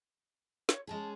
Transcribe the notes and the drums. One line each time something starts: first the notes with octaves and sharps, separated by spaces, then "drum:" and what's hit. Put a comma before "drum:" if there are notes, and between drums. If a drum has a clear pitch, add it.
C#5, drum: snare
G#3 C#4 G#4 A5